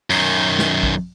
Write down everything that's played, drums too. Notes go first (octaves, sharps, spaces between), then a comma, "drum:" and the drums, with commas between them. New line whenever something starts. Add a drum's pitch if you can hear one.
F#2 D#3, drum: open hi-hat
drum: snare
drum: kick